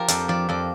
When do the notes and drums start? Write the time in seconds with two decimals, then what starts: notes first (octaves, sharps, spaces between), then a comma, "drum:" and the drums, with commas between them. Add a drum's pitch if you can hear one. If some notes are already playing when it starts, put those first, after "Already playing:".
Already playing: F3 F4 G4 A#4
0.08 F2 D5, drum: hi-hat
0.28 F3 D5
0.49 F2 D5